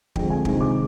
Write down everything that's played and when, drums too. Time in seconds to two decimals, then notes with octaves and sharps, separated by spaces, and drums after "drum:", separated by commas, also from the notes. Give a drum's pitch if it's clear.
0.16 F2 D3 G#3 C4 G5, drum: kick
0.30 G#5
0.45 C3 D#3 G#3 C4, drum: kick
0.61 D6